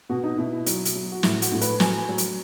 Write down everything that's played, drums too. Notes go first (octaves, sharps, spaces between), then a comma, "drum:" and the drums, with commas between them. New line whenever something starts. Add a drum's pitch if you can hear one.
B2 F#4
D#4
B2 E4
E4
F#3, drum: hi-hat
drum: hi-hat
F#3
F#4
A2 E4, drum: snare
F#4, drum: hi-hat
A2
B4, drum: hi-hat
F#3 G#5, drum: snare
F#3
drum: hi-hat